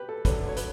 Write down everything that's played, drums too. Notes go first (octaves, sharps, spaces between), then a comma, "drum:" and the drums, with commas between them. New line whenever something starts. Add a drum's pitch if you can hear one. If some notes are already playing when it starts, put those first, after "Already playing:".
Already playing: G4 B4
A4
D2 D3 F#3 B4, drum: kick, hi-hat
C#5
B4, drum: hi-hat